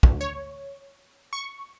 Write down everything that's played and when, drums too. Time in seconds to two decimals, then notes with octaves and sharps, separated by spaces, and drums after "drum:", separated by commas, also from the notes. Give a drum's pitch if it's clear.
0.03 D2, drum: kick
0.21 C#5
1.33 C#6